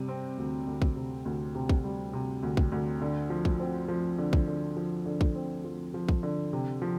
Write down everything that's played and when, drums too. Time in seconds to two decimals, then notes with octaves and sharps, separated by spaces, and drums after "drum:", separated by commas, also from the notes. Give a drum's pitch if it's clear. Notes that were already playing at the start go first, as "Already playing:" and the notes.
Already playing: C3 G3
0.08 C4
0.38 D2
0.67 D2
0.82 drum: kick
0.96 C3
1.25 D2
1.55 C3
1.69 drum: kick
1.84 G3
2.13 C3
2.43 D2
2.57 drum: kick
2.72 D2
3.02 D3
3.30 F3
3.45 drum: kick
3.60 C4
3.88 F3
4.18 D3
4.33 drum: kick
4.47 D3
4.77 F3
5.06 D3
5.21 drum: kick
5.35 C4
5.64 F3
5.94 F3
6.09 drum: kick
6.23 D3
6.53 C3
6.82 F3